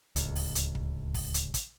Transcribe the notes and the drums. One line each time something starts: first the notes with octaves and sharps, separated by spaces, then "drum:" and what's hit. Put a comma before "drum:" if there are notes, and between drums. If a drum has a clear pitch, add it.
D1 C#2, drum: hi-hat
drum: open hi-hat
drum: hi-hat
drum: kick
drum: kick, open hi-hat
drum: hi-hat
drum: kick, hi-hat